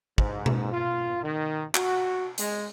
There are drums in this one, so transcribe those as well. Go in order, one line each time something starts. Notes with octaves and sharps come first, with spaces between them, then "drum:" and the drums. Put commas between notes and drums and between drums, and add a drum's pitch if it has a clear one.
G#2, drum: kick
drum: tom B2
F4
D#3
F#4, drum: clap
G#3, drum: hi-hat